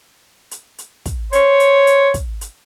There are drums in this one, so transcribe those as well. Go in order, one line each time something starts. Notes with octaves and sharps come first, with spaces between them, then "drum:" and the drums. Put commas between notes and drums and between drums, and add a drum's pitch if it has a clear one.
drum: hi-hat
drum: hi-hat
drum: kick, hi-hat
C5 C#5, drum: hi-hat
drum: hi-hat
drum: hi-hat
drum: kick, hi-hat
drum: hi-hat